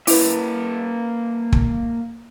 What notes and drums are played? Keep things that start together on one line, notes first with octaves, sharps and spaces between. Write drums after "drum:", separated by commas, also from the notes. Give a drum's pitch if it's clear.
A#3 C#4 E4 B4 E5, drum: open hi-hat
drum: kick